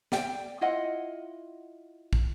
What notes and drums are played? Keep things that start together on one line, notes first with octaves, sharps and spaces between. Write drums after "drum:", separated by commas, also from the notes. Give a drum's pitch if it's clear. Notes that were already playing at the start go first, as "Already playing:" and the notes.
D5 G5, drum: snare
E4 F4 D#5 F#5
drum: kick